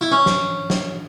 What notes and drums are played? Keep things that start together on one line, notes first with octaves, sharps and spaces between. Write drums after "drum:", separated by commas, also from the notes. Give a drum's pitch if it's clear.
E4
C#4
drum: snare
drum: snare